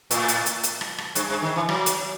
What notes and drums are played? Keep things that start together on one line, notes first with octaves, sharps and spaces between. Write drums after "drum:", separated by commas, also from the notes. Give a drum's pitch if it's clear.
A2, drum: hi-hat
drum: hi-hat
drum: hi-hat
drum: hi-hat
drum: rim click
drum: rim click
G2, drum: hi-hat
G2
D#3
E3
F#3, drum: rim click
drum: hi-hat